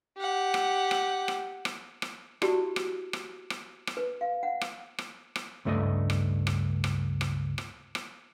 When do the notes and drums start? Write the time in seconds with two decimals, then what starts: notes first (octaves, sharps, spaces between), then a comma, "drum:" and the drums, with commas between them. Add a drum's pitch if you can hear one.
0.18 G4 F#5
0.54 drum: rim click
0.91 drum: rim click
1.28 drum: rim click
1.65 drum: rim click
2.02 drum: rim click
2.42 E4 F#4 G4 D5 A5, drum: rim click
2.76 drum: rim click
3.13 drum: rim click
3.50 drum: rim click
3.87 drum: rim click
3.97 B4
4.21 F5
4.43 F#5
4.61 drum: rim click
4.98 drum: rim click
5.36 drum: rim click
5.65 C#2 G2 A3 D5 D#5
6.10 drum: rim click
6.47 drum: rim click
6.84 drum: rim click
7.21 drum: rim click
7.58 drum: rim click
7.95 drum: rim click